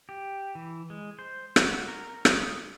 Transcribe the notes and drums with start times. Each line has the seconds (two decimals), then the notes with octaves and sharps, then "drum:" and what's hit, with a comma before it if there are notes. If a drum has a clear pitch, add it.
0.09 G4
0.55 E3
0.90 G#3
1.19 C5
1.56 F#4, drum: rim click
1.88 A#4
2.25 D#6, drum: rim click